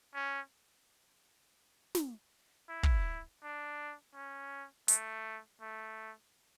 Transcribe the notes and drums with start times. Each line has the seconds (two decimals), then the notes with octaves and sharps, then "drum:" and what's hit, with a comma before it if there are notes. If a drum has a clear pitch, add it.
0.15 C#4
1.95 drum: snare
2.69 E4
2.83 drum: kick
3.43 D4
4.15 C#4
4.88 A3, drum: hi-hat
5.61 A3